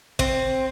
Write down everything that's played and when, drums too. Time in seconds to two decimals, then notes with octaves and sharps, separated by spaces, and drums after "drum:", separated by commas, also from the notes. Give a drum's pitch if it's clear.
0.19 C4, drum: kick